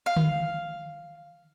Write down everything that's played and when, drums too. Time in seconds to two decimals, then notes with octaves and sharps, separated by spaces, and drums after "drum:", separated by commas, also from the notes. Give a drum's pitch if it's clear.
0.06 F5
0.16 drum: tom D3